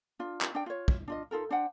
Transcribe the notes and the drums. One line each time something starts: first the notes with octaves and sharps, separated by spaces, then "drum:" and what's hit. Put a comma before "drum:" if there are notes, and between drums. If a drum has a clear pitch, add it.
D4 F4
drum: clap
D4 G5
F4 C#5
drum: kick
D4 F4 D#5
D#4 F4 A4 A#4
D4 C5 F#5 G5